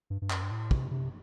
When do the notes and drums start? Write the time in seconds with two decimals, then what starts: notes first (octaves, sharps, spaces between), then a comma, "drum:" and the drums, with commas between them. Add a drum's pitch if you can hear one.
0.10 G2
0.22 G2
0.30 F#2, drum: clap
0.42 G2
0.51 A2
0.71 C3, drum: kick
0.91 C3